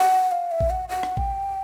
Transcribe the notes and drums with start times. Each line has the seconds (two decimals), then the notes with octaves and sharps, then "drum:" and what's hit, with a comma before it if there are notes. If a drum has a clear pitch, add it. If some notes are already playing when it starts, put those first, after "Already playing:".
Already playing: F#5
0.32 F5
0.51 E5
0.60 drum: kick A1
0.70 F#5
0.89 F#5
1.03 drum: rim click
1.17 G5, drum: kick A1